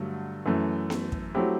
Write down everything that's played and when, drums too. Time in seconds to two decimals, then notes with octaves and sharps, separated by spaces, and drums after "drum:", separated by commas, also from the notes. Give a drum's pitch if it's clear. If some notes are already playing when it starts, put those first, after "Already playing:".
Already playing: G2 D3 F#3 A3
0.46 F#2 E3 A3
0.90 drum: snare B3
1.12 drum: kick
1.35 F#3 A3 C4 E4 G4